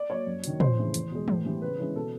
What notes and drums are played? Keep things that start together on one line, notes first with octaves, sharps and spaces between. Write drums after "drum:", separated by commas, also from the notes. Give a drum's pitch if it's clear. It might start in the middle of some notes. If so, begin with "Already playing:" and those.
Already playing: D5
F#3 A#3 C#5
F#2
D#3 F#3, drum: hi-hat
F2 C5, drum: tom
C#3 E3 A3
E2, drum: hi-hat
B2 G#3
A2, drum: tom
E3 G3 B3
C#3 B4
E3 G#3 C#4 E4
B2 A4